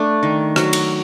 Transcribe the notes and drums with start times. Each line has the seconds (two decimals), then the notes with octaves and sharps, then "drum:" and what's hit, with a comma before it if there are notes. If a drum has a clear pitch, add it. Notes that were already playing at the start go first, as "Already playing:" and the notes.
Already playing: A3 D4
0.23 D#3
0.56 F#3, drum: rim click
0.73 drum: cymbal